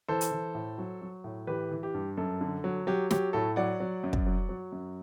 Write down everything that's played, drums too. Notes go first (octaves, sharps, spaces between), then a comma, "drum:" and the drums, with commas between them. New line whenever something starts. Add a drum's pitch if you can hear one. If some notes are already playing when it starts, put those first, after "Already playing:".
E3 A4 C5
drum: hi-hat
E3
A2
F#3
F#3
A2
E3 G4 B4
E3
G4
G2
F#2 A4
D3
F#3
F#3 G4
F#3 G4, drum: snare
A2 A4
F#3 D5 F#5
F#3
F#2
drum: kick
F#3
F#3
F#2